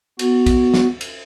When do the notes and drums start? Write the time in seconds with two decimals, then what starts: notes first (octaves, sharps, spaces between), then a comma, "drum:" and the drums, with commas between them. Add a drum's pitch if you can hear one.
0.19 B3 F#4, drum: cymbal
0.46 drum: kick, cymbal
0.74 drum: snare
1.01 drum: cymbal